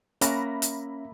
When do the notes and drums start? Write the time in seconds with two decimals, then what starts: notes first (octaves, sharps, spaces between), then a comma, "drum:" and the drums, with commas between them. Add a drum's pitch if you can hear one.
0.21 A#3 C#4 E5 F#5 B5 A#6, drum: hi-hat
0.62 drum: hi-hat